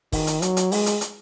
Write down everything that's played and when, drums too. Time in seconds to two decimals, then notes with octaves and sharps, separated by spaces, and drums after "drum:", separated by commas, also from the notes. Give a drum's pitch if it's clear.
0.12 D#3, drum: kick, open hi-hat
0.27 drum: hi-hat
0.42 F#3, drum: hi-hat
0.57 drum: hi-hat
0.72 G#3, drum: open hi-hat
0.86 drum: hi-hat
1.01 drum: hi-hat